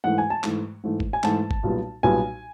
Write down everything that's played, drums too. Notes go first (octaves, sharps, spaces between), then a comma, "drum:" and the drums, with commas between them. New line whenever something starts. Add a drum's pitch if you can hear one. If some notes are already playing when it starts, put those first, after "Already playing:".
G#2 E3 A3 F#5
G#5
A5
G#2 E3 A3, drum: clap
G#2 E3 A3
drum: kick
G#5
G#2 E3 A3 A5, drum: clap
drum: kick
B1 A#2 G3 B3
B1 A#2 G3 B3 G#5